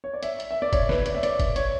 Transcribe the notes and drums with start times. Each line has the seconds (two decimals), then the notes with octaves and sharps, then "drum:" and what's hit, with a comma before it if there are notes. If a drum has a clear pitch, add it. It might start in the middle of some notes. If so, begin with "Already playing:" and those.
0.04 C#5
0.14 D5
0.23 E5, drum: hi-hat
0.40 drum: hi-hat
0.51 E5
0.62 D5
0.73 C#5, drum: kick, hi-hat
0.89 B4, drum: snare
0.97 C#5
1.06 D5, drum: hi-hat
1.15 E5
1.23 D5, drum: hi-hat
1.40 drum: kick, hi-hat
1.56 C#5, drum: hi-hat